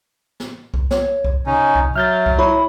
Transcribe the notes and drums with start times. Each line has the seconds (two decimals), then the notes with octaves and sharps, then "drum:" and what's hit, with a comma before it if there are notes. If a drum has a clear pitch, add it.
0.40 drum: snare
0.74 drum: kick C2
0.91 C#5, drum: snare
1.24 drum: kick C2
1.46 C3 C#4 D#4
1.75 drum: kick C2
1.96 F#3 E5 F6 G6 A6
2.26 drum: kick C2
2.38 E4 C#5 B5